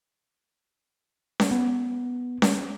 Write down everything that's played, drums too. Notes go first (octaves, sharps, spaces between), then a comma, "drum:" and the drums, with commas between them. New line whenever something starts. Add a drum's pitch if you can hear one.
drum: snare C#4
B3
drum: snare C#4